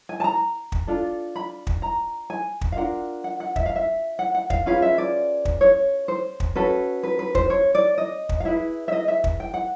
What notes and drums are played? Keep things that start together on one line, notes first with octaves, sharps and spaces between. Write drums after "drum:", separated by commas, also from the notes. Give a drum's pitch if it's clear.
G#5
A5
A#5
drum: kick
D4 F4 A4
B5
drum: kick
A#5
G#5
drum: kick
F5
D4 F4 A#4 F#5
F#5
F#5
E5, drum: kick
F5
E5
F#5
F#5
F5, drum: kick
C#4 F4 G#4 B4 F5
E5
D5
drum: kick
C#5
C5
drum: kick
C#4 F#4 A4 B4
B4
B4
C5, drum: kick
C#5
D5
D#5
drum: kick
F5
E4 G#4 B4 E5
E5
D#5
E5
drum: kick
G5
F#5